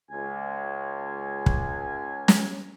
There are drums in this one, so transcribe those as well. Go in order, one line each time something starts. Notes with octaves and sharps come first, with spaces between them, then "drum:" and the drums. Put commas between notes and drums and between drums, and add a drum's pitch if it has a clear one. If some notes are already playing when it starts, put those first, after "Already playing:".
C#2 G#5
drum: kick
drum: snare